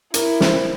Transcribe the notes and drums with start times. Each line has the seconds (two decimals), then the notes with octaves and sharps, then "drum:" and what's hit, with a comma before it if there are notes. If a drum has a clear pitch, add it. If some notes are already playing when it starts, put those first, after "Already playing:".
0.14 E4 A#4, drum: hi-hat
0.41 C5, drum: snare